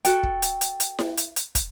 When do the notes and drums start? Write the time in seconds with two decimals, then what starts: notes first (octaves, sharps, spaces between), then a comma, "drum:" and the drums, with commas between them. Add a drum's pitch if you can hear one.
0.05 F#4 A4 G5, drum: hi-hat
0.23 drum: kick
0.42 drum: hi-hat
0.61 drum: hi-hat
0.80 drum: hi-hat
0.99 drum: snare E4
1.17 drum: hi-hat
1.36 drum: hi-hat
1.55 drum: kick, hi-hat